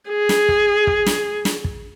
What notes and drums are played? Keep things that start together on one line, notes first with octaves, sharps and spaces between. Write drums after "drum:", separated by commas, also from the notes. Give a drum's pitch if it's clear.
G#4
drum: snare
drum: kick
drum: kick
drum: snare
drum: snare
drum: kick